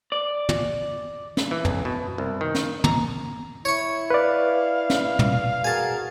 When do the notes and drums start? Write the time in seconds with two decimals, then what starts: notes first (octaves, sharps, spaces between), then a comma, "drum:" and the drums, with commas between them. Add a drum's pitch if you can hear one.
0.12 D5
0.49 drum: tom
1.37 drum: snare
1.51 E3
1.65 B1, drum: tom
1.85 B2
2.18 C2
2.41 D#3
2.55 drum: snare
2.84 A#5, drum: tom
3.65 E4 C#5 C#6
4.10 B4 D5 F5
4.90 drum: snare
5.19 drum: tom
5.64 F#4 G#4 A#4 G#5 A5